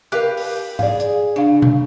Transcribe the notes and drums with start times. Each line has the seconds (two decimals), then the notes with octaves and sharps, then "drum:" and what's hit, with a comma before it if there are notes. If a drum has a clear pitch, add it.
0.12 G4 A#4 B4 F5 F#6
0.37 drum: open hi-hat
0.79 G#4 D5 F5, drum: tom G#2
1.00 drum: hi-hat
1.36 C#3 D4 F5
1.62 drum: tom B2